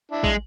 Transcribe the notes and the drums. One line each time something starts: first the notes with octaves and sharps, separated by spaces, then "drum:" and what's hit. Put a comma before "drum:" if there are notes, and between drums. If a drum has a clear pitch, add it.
D4 E4
G#3, drum: kick